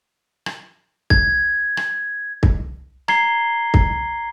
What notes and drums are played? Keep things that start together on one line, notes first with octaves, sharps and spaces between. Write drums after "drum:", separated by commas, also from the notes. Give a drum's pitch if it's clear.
drum: rim click
G#6, drum: kick
drum: rim click
drum: kick
A#5 G#6 C7 G7, drum: rim click
drum: kick